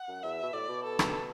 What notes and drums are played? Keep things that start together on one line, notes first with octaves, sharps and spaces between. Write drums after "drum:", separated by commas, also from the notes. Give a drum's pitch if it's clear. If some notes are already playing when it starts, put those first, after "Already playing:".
Already playing: F#5
F#2
E2 E5
B2
A2 D5
B2
A4
drum: rim click